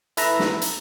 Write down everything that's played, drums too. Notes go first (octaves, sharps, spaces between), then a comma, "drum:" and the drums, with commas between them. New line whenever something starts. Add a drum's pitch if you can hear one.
E4 A4 B4 E5 A#5, drum: hi-hat
drum: snare
drum: hi-hat